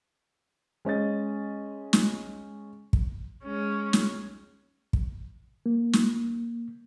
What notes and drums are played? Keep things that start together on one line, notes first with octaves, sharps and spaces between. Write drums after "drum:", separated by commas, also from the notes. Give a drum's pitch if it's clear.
G#3 C#4 D#5 A6
drum: snare
drum: kick
G#3 C#4
drum: snare
drum: kick
A#3
drum: snare